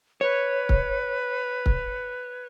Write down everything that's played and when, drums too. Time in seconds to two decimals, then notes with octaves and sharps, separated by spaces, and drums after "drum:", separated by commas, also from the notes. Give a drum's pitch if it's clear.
0.21 B4 C#5
0.69 drum: kick C#1
1.66 drum: kick C#1